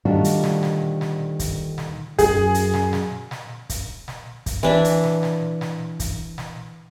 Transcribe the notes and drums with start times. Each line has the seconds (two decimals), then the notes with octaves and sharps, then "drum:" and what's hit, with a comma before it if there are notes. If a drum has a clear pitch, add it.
0.05 D2 D#3 G3 D4 F4 F#4
0.24 drum: hi-hat
0.44 drum: snare
0.63 drum: snare
1.01 drum: snare
1.39 drum: kick, hi-hat
1.78 drum: snare
2.19 F#2 G#4, drum: kick, hi-hat
2.54 drum: hi-hat
2.74 drum: snare
2.93 drum: snare
3.31 drum: snare
3.70 drum: kick, hi-hat
4.08 drum: snare
4.46 drum: kick, hi-hat
4.63 E3 D4 E5
4.85 drum: hi-hat
5.04 drum: snare
5.23 drum: snare
5.61 drum: snare
6.00 drum: kick, hi-hat
6.38 drum: snare